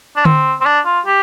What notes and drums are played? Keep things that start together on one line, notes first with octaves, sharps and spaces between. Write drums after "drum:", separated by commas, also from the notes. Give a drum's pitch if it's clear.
D4
C4, drum: tom D3
C4
D4
F4
G4